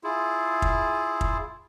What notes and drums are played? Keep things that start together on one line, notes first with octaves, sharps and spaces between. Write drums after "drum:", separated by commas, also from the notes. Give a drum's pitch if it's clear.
E4 F4 G#4
drum: kick
drum: kick